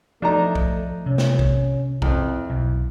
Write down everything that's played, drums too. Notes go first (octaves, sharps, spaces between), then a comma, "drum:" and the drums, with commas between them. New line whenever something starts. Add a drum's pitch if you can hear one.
F3 A3 D4 D#4 A#5
drum: kick B1
C3 C#4
drum: snare
drum: kick B1
F2 E4, drum: kick B1
B1